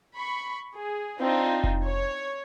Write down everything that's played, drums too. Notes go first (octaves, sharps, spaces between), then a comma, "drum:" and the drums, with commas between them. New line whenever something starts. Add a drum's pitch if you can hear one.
B5 C#6
G#4
C4 D4 D#4 F4
drum: kick F1
C#5